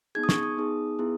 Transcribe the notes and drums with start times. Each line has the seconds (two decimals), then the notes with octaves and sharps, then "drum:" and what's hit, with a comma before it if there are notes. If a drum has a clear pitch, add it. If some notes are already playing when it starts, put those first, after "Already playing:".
0.15 B3 D#4 G#4 G#6
0.24 D#6
0.29 C#6, drum: snare
0.43 D#6
0.57 B3 D#4 G#4
0.99 B3 E4 G#4